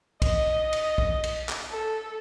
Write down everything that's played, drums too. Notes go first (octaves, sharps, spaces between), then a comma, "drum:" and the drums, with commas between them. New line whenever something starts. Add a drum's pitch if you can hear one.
D#5, drum: kick, cymbal
drum: cymbal
drum: kick
drum: cymbal
drum: clap
A4